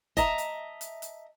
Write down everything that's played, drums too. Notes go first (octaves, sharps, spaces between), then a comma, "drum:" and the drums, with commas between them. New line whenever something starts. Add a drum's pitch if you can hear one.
D#5 E5 A5 A#5, drum: kick F1, hi-hat
drum: hi-hat
drum: hi-hat
drum: hi-hat